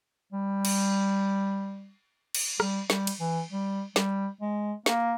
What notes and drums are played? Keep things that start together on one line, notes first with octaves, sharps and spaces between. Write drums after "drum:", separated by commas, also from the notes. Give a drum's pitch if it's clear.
G3
drum: cymbal
drum: cymbal
G3, drum: rim click
G3, drum: snare
drum: cymbal
E3
G3
G3, drum: snare
G#3
A#3, drum: snare